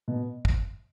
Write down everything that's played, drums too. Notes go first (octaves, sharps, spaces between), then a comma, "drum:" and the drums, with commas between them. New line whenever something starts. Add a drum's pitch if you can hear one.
B2
drum: kick